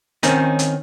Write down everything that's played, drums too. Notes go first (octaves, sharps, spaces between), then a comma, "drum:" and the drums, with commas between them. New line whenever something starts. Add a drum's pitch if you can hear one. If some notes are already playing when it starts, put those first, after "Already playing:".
D#3 C4 C#4 D#4, drum: hi-hat
drum: hi-hat